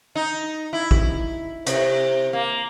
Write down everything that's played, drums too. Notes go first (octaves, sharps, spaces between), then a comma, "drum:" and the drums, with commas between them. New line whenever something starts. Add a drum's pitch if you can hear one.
D#4
E4
drum: kick
C3, drum: hi-hat
A#3